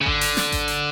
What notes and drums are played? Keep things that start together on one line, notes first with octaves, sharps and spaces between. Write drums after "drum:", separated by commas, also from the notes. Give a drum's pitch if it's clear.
C#3
D3, drum: kick G#1
drum: open hi-hat
drum: snare
drum: kick G#1, hi-hat
drum: hi-hat